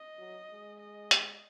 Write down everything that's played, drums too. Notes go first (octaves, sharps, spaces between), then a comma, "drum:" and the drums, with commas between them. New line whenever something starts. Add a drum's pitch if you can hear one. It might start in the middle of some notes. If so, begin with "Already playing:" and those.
Already playing: D#5
F#3
G#3
D#5
drum: hi-hat